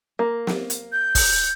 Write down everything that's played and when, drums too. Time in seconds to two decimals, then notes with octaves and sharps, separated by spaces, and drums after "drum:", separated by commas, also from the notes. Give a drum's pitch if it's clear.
0.19 A#3
0.47 drum: snare
0.70 drum: hi-hat
0.92 G6
1.15 drum: kick, open hi-hat